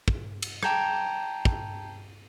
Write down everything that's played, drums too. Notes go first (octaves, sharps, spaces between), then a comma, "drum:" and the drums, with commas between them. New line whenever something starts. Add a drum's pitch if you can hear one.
drum: kick
drum: cymbal
G5 A5 A#5 G6 G#6, drum: rim click
drum: kick